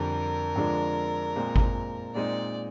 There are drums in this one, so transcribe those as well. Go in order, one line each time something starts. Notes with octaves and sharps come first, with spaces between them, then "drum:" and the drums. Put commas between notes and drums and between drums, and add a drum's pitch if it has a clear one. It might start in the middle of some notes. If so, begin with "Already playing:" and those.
Already playing: F2 D3 G3 A#4
F2 D3 F3 G#3 D4
A#2 G#3 C4
drum: kick G#1
A#2 G#3 C4 D#4 D5